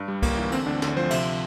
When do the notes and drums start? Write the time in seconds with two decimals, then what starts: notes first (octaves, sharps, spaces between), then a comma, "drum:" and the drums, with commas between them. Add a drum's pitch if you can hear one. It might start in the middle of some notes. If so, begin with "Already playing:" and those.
Already playing: G2
0.08 G3
0.22 G1 A#3, drum: kick C2, cymbal
0.37 E3
0.52 D3 C4, drum: cymbal
0.66 D2 D4
0.82 D2, drum: snare
0.96 F3 C5
1.11 C3 E5, drum: cymbal